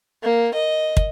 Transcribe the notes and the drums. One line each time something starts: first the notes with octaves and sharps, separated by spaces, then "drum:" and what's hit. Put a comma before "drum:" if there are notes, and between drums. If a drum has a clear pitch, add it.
A#3
D#5
drum: kick